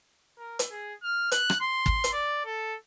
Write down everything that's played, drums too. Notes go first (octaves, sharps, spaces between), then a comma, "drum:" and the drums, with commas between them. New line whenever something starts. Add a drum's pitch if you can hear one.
A#4
drum: hi-hat
G#4
F6
F#6, drum: hi-hat
drum: rim click
C6
drum: kick
drum: hi-hat
D5
A4